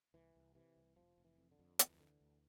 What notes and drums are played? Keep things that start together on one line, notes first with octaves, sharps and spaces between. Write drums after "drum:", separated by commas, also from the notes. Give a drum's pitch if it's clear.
C2 E3
C2
C3 E3
C2
F1 F3
F1
E3
F2
D3
F2
D2 E3, drum: hi-hat
D3
D2